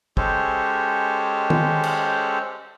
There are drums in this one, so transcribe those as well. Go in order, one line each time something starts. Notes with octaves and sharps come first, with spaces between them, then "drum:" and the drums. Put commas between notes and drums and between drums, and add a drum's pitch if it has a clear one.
G#3 C#4 G4 A4 C5 C#5, drum: kick
drum: tom D#3
drum: cymbal